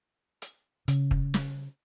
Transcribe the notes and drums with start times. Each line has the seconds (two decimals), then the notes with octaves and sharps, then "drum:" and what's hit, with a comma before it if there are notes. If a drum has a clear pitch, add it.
0.42 drum: hi-hat
0.88 C#3, drum: hi-hat
1.11 drum: kick
1.34 drum: snare